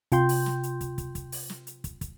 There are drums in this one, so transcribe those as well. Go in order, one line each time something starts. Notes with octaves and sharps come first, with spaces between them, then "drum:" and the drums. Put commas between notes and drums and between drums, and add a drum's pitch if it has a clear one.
C3 F4 G5 C6 G6, drum: kick, hi-hat
drum: open hi-hat
drum: snare
drum: hi-hat
drum: kick, hi-hat
drum: kick, hi-hat
drum: kick, hi-hat
drum: open hi-hat
drum: snare
drum: hi-hat
drum: kick, hi-hat
drum: kick, hi-hat